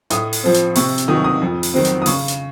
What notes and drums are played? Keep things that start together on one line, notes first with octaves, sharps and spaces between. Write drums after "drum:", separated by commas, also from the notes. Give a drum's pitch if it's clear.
A2 D#6, drum: hi-hat
drum: open hi-hat
F3 C4
drum: hi-hat
C3 C#6, drum: open hi-hat
drum: hi-hat
D#3 F#3 D#6
C#6
D#6
F2
drum: open hi-hat
D#3 F#3 C4
drum: hi-hat
D#6
C#3 C#6, drum: open hi-hat
drum: hi-hat